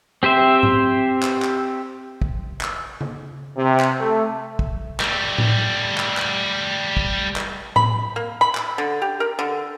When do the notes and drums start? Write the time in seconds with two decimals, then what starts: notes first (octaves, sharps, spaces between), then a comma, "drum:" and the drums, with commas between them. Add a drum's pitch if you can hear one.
0.23 C4 G4 C5 E5
0.63 drum: tom G#2
1.22 drum: clap
1.42 drum: clap
2.21 drum: kick
2.61 drum: clap
3.01 drum: tom C#3
3.56 C3
3.80 drum: clap
4.00 A3
4.59 drum: kick
5.00 G3 A3, drum: clap
5.38 drum: tom A2
5.98 drum: clap
6.17 drum: clap
6.97 drum: kick
7.36 drum: clap
7.76 B5, drum: tom A2
8.16 A#3
8.41 B5
8.55 drum: clap
8.78 D3
9.02 G4
9.20 A#4
9.39 D3